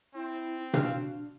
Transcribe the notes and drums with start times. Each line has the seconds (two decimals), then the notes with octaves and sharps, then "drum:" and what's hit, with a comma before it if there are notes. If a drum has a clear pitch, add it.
0.14 C4 E4
0.74 D4 F#4 F5, drum: tom B2